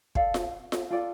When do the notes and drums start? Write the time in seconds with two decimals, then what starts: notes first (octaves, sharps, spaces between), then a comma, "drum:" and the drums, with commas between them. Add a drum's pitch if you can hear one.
0.15 A4 D5 F5, drum: kick
0.34 drum: snare F4
0.72 drum: snare F4
0.91 F4 A4 D5 G5